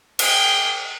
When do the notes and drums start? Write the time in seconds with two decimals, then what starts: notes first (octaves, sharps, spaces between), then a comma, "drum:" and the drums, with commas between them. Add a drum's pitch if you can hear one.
0.19 G#4 G5, drum: cymbal